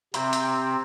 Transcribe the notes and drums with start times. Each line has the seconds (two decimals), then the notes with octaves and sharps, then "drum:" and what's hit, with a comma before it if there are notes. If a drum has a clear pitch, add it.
0.14 C3 C4 G4 E5 A#5, drum: hi-hat
0.33 drum: hi-hat